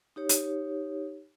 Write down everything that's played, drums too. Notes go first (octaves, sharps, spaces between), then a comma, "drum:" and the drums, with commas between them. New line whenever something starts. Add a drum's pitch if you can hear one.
D#4 G4 C#5
drum: hi-hat